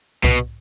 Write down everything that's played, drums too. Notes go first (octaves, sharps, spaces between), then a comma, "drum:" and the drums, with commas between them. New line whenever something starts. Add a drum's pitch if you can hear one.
B2, drum: kick C2